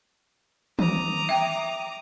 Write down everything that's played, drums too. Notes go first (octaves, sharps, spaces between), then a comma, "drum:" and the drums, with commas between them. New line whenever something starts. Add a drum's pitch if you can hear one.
A#5 D6 D#6, drum: tom D#3
E5 G5